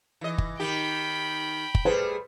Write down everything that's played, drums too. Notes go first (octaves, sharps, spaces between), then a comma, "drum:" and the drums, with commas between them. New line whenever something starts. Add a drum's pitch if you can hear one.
E3 D#5
drum: kick
D#3 G4 G5 B5
drum: kick
G3 A3 G#4 B4 C5